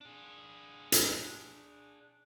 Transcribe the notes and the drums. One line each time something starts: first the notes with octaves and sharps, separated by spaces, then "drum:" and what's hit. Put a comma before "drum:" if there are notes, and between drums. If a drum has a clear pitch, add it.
D4 G#4
drum: hi-hat